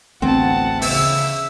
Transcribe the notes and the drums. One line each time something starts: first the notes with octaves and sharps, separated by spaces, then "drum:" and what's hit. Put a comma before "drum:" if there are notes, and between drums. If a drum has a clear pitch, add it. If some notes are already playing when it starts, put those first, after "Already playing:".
A1 D2 B3 C4 F#5 A5
C#3 E5 E6, drum: open hi-hat